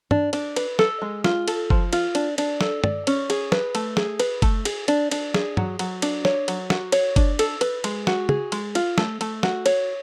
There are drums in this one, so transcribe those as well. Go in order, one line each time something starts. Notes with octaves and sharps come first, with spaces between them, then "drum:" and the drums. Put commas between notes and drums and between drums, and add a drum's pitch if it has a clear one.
D4, drum: tom
D4, drum: cymbal
B4, drum: cymbal
A4, drum: snare
G#3
F4, drum: snare
A4, drum: cymbal
F3, drum: kick F#1
F4, drum: cymbal
D4, drum: cymbal
D4, drum: cymbal
A4, drum: snare
D5, drum: tom
C#4, drum: cymbal
G#4, drum: cymbal
B4, drum: snare
A3, drum: cymbal
G#4, drum: snare
B4, drum: cymbal
A3, drum: kick F#1, cymbal
G#4, drum: cymbal
D4, drum: cymbal
D4, drum: cymbal
G#4, drum: snare
F#3, drum: tom
F#3, drum: cymbal
D4, drum: cymbal
C#5, drum: snare
F#3, drum: cymbal
F#4, drum: snare
C#5, drum: cymbal
D4, drum: kick F#1, cymbal
A4, drum: cymbal
B4, drum: cymbal
G#3, drum: cymbal
F#4, drum: snare
G#4, drum: tom
G#3, drum: cymbal
F4, drum: cymbal
A3, drum: snare
A3, drum: cymbal
F#4, drum: snare
C#5, drum: cymbal